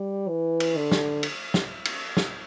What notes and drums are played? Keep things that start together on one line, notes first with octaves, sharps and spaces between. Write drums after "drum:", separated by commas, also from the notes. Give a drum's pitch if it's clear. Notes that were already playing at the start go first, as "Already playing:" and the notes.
Already playing: G3
E3
drum: cymbal
D3
drum: snare
drum: cymbal
drum: snare
drum: cymbal
drum: snare